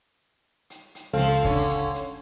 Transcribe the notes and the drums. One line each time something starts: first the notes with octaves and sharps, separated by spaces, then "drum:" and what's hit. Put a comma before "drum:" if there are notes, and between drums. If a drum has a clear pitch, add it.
drum: hi-hat
drum: hi-hat
C#2 F3 C4 A4 F5
D3 C#4, drum: kick
drum: hi-hat
drum: hi-hat